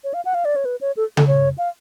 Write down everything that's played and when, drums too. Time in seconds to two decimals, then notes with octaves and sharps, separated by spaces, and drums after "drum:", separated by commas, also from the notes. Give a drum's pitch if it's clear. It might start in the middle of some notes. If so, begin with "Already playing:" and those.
0.04 C#5
0.14 F5
0.25 F#5
0.34 F5
0.45 D5
0.56 C#5
0.65 B4
0.81 C#5
0.97 A4
1.17 A4, drum: tom C#3
1.27 C#5
1.58 F5